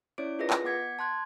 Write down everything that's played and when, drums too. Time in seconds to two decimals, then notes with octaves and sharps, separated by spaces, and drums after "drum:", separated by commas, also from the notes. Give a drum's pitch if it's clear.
0.18 C#4 E4 C#5 D5 D6 D7
0.39 F4 G#4 A#4 B4 D#5 A#6
0.50 drum: clap
0.64 B3 F#5 D6 G#6 B6 C#7
0.99 A5 C6 F#6 G#6